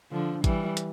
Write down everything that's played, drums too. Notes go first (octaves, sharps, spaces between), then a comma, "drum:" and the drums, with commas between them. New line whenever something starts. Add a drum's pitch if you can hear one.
D3 F3
E3 G3, drum: kick A1, hi-hat
drum: hi-hat